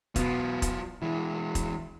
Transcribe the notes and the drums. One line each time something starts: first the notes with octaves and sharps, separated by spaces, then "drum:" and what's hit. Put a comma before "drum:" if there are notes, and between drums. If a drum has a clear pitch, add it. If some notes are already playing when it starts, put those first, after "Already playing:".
B2 F#3 B3 F4, drum: kick E1, hi-hat
drum: kick E1, hi-hat
E3 G#3 E4
drum: kick E1, hi-hat